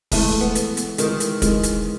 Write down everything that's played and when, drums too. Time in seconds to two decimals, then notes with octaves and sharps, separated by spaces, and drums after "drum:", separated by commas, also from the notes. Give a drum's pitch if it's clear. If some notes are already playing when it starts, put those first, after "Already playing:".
0.12 E3 G#3 A3, drum: kick, open hi-hat
0.41 B3
0.55 drum: hi-hat
0.77 drum: hi-hat
0.98 D#3 E3 G#3, drum: hi-hat
1.20 drum: hi-hat
1.42 E3 G#3, drum: kick, hi-hat
1.63 drum: hi-hat